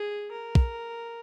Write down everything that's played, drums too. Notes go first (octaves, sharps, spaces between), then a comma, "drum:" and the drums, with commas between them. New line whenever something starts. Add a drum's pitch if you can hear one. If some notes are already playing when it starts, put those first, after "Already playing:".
Already playing: G#4
A#4
drum: kick